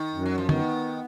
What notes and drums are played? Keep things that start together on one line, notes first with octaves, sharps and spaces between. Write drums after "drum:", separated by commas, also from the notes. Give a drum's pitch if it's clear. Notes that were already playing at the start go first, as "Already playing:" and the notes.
Already playing: D#3
F#2
F#3
F3
D#3 B3, drum: tom